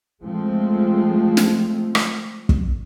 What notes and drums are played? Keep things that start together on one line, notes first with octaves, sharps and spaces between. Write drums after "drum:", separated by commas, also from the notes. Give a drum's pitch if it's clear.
F3 G#3 A3 C4
drum: snare
drum: rim click
drum: kick